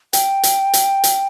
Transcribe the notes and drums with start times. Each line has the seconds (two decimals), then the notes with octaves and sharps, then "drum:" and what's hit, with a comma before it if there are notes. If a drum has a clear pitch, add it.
0.13 G5, drum: hi-hat
0.43 drum: hi-hat
0.73 drum: hi-hat
1.04 drum: hi-hat